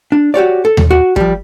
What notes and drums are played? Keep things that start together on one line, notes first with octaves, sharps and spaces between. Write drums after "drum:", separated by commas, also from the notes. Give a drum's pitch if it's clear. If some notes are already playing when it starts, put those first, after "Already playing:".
D4
F#4 G4 C#5 D5
A4
drum: tom D#2
F#4
F3 G3, drum: kick